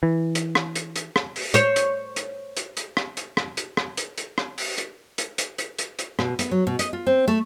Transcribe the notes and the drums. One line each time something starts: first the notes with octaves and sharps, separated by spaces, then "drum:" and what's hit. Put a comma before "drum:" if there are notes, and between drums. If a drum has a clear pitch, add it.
E3
drum: hi-hat
drum: rim click
drum: hi-hat
drum: hi-hat
drum: rim click
drum: open hi-hat
C5 C#5, drum: hi-hat
drum: hi-hat
drum: hi-hat
drum: hi-hat
drum: hi-hat
drum: rim click
drum: hi-hat
drum: rim click
drum: hi-hat
drum: rim click
drum: hi-hat
drum: hi-hat
drum: rim click
drum: open hi-hat
drum: hi-hat
drum: hi-hat
drum: hi-hat
drum: hi-hat
drum: hi-hat
drum: hi-hat
B2, drum: rim click
B3, drum: hi-hat
F#3
B2
D#5, drum: hi-hat
F4
C4
A3